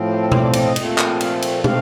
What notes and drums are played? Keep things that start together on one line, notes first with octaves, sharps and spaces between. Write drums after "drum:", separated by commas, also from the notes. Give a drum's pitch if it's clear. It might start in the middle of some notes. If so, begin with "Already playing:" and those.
Already playing: A2 F3 C4
G4
A4
C5, drum: tom B2
D5
D5, drum: cymbal
D#5
A#2 F3 A3 C4, drum: cymbal
drum: clap
F5, drum: cymbal
drum: cymbal
D#3 A3 C4 F5, drum: tom